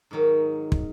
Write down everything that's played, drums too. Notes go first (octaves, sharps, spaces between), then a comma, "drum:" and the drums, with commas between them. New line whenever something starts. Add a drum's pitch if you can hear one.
G#2 D#3 F#3
drum: kick